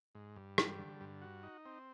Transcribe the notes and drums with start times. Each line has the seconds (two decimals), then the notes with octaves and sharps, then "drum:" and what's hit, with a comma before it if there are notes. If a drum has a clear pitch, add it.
0.15 G#2
0.36 G2
0.58 G3, drum: rim click
0.79 D3
1.01 G2
1.22 F#4
1.43 D#4
1.66 C4